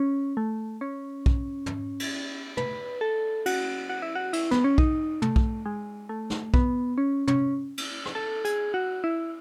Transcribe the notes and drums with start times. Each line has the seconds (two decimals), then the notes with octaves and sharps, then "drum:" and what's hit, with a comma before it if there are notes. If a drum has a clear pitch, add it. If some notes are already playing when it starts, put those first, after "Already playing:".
Already playing: C#4
0.37 A3
0.81 C#4
1.26 drum: kick B1
1.66 drum: tom
2.00 drum: cymbal
2.57 B4, drum: tom
3.01 A4
3.46 F#4, drum: cymbal
3.89 F#4
4.02 E4
4.15 F#4
4.33 E4, drum: cymbal
4.51 B3, drum: snare
4.64 C#4
4.78 D#4, drum: kick B1
5.22 A3, drum: tom
5.36 drum: kick B1
5.66 G#3
6.09 A3
6.30 drum: snare
6.54 B3, drum: kick B1
6.98 C#4
7.28 C#4, drum: tom
7.77 drum: cymbal
8.05 drum: rim click
8.15 A4
8.45 G#4, drum: hi-hat
8.74 F#4
9.04 E4